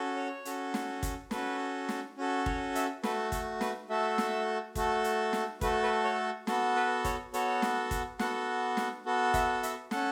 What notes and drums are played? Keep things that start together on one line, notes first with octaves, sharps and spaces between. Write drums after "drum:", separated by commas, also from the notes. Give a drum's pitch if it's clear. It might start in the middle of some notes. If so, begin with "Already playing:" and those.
Already playing: C#4 F#4 A4
C#5
C#4 F#4 A4, drum: hi-hat
drum: snare
drum: kick, hi-hat
C#4 F#4 A4 B4, drum: snare
drum: snare
C#4 F#4 A4
C#5, drum: kick
E5, drum: hi-hat
A3 F#4 A4 B4, drum: snare
A4, drum: kick, hi-hat
B4, drum: snare
A3 F#4 A4 E5
drum: snare
A3 F#4 A4, drum: kick, hi-hat
drum: hi-hat
drum: snare
A3 F#4 A4 B4, drum: kick, hi-hat
B4
C#5
B3 F#4 A4, drum: snare
B4
C#5, drum: kick, hi-hat
B3 F#4 A4 C#5, drum: hi-hat
drum: snare
drum: kick, hi-hat
B3 F#4 A4 F#5, drum: snare
drum: snare
B3 F#4 A4
E5, drum: kick, hi-hat
E5, drum: hi-hat
C#4 A4 F#5, drum: snare